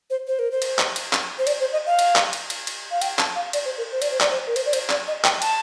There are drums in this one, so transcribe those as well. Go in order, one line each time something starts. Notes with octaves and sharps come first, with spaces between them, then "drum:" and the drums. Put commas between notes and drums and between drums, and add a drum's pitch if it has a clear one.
C5
C5
A#4
C5
drum: cymbal
drum: clap
drum: cymbal
drum: clap
C5
D5, drum: cymbal
C5
D#5
F5
drum: cymbal
drum: clap
drum: cymbal
drum: cymbal
drum: cymbal
F5
G5, drum: cymbal
A5, drum: clap
F5
D5, drum: cymbal
C5
A#4
C5
D5, drum: cymbal
C5
D5, drum: clap
C5
A#4
C5, drum: cymbal
D5
C5, drum: cymbal
D5, drum: clap
D#5
G5, drum: clap
A5, drum: cymbal